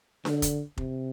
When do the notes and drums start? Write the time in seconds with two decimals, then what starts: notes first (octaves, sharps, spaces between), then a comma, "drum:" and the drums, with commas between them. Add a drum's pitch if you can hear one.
0.25 D3, drum: snare D4
0.42 drum: kick F1, hi-hat
0.78 C3, drum: kick F1